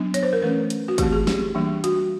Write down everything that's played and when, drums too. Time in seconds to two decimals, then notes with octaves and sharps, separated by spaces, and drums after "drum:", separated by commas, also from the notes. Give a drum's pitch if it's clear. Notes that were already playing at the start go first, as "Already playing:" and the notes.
Already playing: F#3 B3 D4
0.14 C#5, drum: hi-hat
0.23 C5
0.33 A#4
0.42 E3 A3 C#4 B4
0.70 drum: hi-hat
0.88 F#4
0.98 E3 A3 C4 G4, drum: kick, hi-hat
1.12 G#4
1.27 G4, drum: snare
1.55 E3 G3 A#3 D4
1.84 F#4, drum: hi-hat